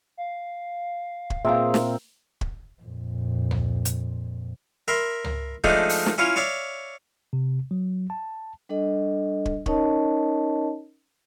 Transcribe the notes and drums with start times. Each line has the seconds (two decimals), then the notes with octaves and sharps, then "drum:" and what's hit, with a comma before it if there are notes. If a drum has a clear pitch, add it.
0.17 F5
1.30 drum: kick
1.45 A#2 C4 G#4 A#4 E5 F5 A#5
1.74 drum: snare
2.41 drum: kick
2.82 F2 A#2
3.51 drum: tom C#2
3.85 drum: hi-hat
4.88 A#4 E5 B5 C6
5.24 drum: tom C#2
5.64 F3 G#3 A3 D4 D#4, drum: kick
5.89 drum: open hi-hat
6.06 drum: snare
6.18 C#4 E4 F4 C#5
6.36 C#5 D5 E5 F5
7.33 C3
7.71 F#3
8.10 A5
8.69 G3 D4 A4 D#5
9.46 drum: kick
9.66 C#4 D#4 A#4 C#5 D#5 A5, drum: kick